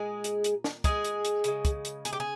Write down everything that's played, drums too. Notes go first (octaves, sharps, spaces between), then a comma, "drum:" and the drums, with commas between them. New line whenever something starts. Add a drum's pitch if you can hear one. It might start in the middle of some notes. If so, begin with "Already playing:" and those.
Already playing: A#2 G#3 G#4
drum: hi-hat
drum: hi-hat
drum: snare
G#3 G#4, drum: kick, hi-hat
drum: hi-hat
drum: hi-hat
C#3 G#3, drum: hi-hat
drum: kick, hi-hat
drum: hi-hat
G#4, drum: hi-hat
G4
G#4